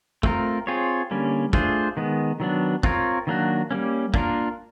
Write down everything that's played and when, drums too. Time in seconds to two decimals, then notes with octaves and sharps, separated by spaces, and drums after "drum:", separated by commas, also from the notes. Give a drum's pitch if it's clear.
0.23 A3 C4 F4 A#4, drum: kick
0.67 C4 F4 G#4 C#5
1.11 D3 G3 A#3 C#4
1.53 A3 D4 F4 G#4 C5, drum: kick
1.97 D#3 G#3 B3
2.40 D#3 F#3 B3 D4
2.83 C4 F4 A#4 C#5, drum: kick
3.27 D#3 F#3 A#3 D4 F#4
3.71 G3 A#3 C#4
4.14 A#3 D4 F4 A#4, drum: kick